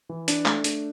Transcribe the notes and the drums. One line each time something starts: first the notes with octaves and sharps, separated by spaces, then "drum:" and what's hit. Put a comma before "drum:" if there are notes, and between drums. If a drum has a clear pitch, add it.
E3
D4, drum: hi-hat
A3, drum: clap
D4, drum: hi-hat